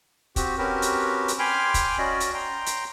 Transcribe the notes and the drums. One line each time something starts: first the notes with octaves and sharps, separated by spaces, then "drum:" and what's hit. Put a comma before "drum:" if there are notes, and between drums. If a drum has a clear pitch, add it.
C4 F#4 G4, drum: kick, hi-hat
C4 C#4 F#4 G4 A#4 B4
drum: hi-hat
drum: hi-hat
G5 G#5 B5 C6 D6 F6
drum: kick, hi-hat
C#4 F#4 D5 D#5
drum: hi-hat
G5 A#5 C6
drum: hi-hat